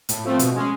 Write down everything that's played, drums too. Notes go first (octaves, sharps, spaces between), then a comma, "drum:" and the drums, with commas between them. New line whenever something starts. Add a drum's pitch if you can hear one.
A2, drum: hi-hat
F3 A3 C4
B2, drum: hi-hat
G#3 C#4